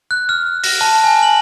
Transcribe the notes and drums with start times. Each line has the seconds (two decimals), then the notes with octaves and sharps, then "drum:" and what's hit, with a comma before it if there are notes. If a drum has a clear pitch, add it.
0.11 F#6
0.29 F6
0.64 A#6, drum: open hi-hat
0.81 A5
1.04 G#5
1.23 F#7